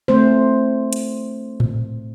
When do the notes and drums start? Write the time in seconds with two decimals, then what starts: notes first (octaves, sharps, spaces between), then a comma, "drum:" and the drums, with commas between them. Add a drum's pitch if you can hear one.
0.08 A3 C4 C5
0.93 drum: hi-hat
1.60 drum: tom A2